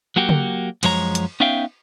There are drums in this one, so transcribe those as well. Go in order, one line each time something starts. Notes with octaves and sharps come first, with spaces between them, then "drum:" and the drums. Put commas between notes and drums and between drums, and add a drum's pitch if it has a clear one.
F#3 A#3 F#4 G4
drum: tom C#3
F#2 F3 G#3 C#5 A#5, drum: cymbal
drum: hi-hat
B3 C#4 D#4 E5 F5 G5